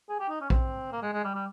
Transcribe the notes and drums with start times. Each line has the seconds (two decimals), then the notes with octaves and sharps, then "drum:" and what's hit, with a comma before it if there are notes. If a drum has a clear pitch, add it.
0.09 G#4
0.20 G4
0.29 D#4
0.41 C#4
0.50 C4, drum: kick
0.92 A#3
1.02 G#3
1.13 G#3
1.24 G3
1.35 G3